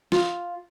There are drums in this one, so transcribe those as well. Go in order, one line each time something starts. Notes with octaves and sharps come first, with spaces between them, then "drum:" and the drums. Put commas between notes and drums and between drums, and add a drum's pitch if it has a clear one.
F4, drum: snare